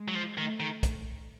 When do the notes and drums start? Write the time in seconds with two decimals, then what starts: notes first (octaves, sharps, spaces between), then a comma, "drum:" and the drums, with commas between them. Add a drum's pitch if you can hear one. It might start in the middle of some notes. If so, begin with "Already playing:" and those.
Already playing: G#3
0.08 F#3
0.15 F3
0.37 D#3 A3
0.60 D#3
0.83 drum: kick, hi-hat